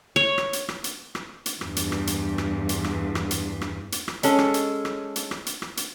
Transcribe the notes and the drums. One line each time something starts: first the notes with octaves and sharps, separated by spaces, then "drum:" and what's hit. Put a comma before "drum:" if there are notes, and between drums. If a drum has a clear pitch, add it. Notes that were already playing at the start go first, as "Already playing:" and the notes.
C#5
drum: rim click
drum: hi-hat
drum: rim click
drum: hi-hat
drum: rim click
drum: hi-hat
E2 G2, drum: rim click
drum: hi-hat
drum: rim click
drum: hi-hat
drum: rim click
drum: hi-hat
drum: rim click
drum: rim click
drum: hi-hat
drum: rim click
drum: hi-hat
drum: rim click
G#3 C#4 A4, drum: hi-hat
drum: rim click
drum: hi-hat
drum: rim click
drum: hi-hat
drum: rim click
drum: hi-hat
drum: rim click
drum: hi-hat